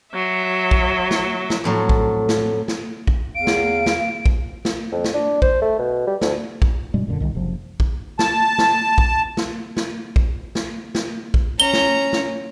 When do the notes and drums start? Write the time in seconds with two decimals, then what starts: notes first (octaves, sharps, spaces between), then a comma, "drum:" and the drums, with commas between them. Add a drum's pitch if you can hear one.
0.14 F#3 E5
0.71 drum: kick
1.11 drum: snare
1.50 drum: snare
1.64 F2 A2 F#3
1.89 drum: kick
2.29 drum: snare
2.68 drum: snare
3.07 drum: kick
3.35 E2 F5 D7
3.47 drum: snare
3.86 drum: snare
4.26 drum: kick
4.65 drum: snare
4.92 F2
5.04 drum: snare
5.14 D4
5.42 C5, drum: kick
5.62 A3
5.79 B2
6.07 G3
6.21 D2, drum: snare
6.62 drum: kick
6.94 G2 B2 G3 G#3
7.07 D#1 F#2 A#2 D3
7.20 C2 D#3
7.35 F#1 C3 F3
7.80 drum: kick
8.19 A5, drum: snare
8.58 drum: snare
8.98 drum: kick
9.37 drum: snare
9.77 drum: snare
10.16 drum: kick
10.55 drum: snare
10.95 drum: snare
11.34 drum: kick
11.60 C#4 A#5 G7
11.73 drum: snare
12.13 drum: snare